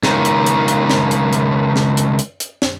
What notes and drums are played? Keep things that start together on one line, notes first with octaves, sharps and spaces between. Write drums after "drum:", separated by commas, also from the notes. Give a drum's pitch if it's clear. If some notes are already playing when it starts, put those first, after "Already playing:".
C#2 D#3, drum: snare
drum: hi-hat
drum: hi-hat
drum: hi-hat
drum: snare
drum: hi-hat
drum: hi-hat
drum: snare
drum: hi-hat
drum: hi-hat
drum: hi-hat
drum: snare